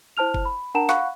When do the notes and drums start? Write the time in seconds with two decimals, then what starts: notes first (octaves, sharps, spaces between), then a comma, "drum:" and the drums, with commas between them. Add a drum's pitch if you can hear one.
0.17 E4 C5 A5 F6 F7
0.34 drum: kick F#1
0.45 B5
0.74 D4 A#4 F#5 A5 A#5 E7
0.89 F5 F#5 B5 C#6 F#6, drum: snare